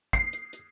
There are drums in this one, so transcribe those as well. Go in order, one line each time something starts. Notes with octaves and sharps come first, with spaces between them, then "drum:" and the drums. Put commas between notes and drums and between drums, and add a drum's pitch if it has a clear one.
C7, drum: kick, hi-hat
drum: hi-hat
drum: hi-hat